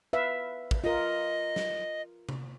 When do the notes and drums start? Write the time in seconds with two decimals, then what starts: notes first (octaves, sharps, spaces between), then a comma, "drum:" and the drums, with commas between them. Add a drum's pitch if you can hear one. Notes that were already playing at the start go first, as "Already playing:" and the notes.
0.13 B4 E5 F5
0.71 drum: kick
0.84 F4 A#4 D#5
1.56 drum: snare
2.29 drum: tom C3